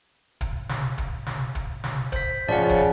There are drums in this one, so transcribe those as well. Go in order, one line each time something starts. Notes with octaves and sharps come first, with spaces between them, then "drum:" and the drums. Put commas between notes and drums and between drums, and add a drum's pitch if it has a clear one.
drum: kick, hi-hat
drum: snare
drum: kick, hi-hat
drum: snare
drum: kick, hi-hat
drum: snare
C5 B6, drum: kick, hi-hat
C#3 F3 D5 F#5
drum: kick, hi-hat